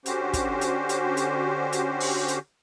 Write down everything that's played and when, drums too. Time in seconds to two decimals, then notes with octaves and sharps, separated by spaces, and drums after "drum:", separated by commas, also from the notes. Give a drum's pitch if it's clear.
0.06 D3 C#4 F#4 G4 C5, drum: hi-hat
0.33 drum: kick, hi-hat
0.61 drum: hi-hat
0.89 drum: hi-hat
1.17 drum: hi-hat
1.72 drum: hi-hat
2.00 drum: open hi-hat
2.28 drum: hi-hat